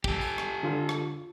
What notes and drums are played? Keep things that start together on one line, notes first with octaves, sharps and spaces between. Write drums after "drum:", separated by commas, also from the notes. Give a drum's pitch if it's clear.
G4 A4, drum: kick
drum: tambourine
drum: rim click
D3 F4
drum: rim click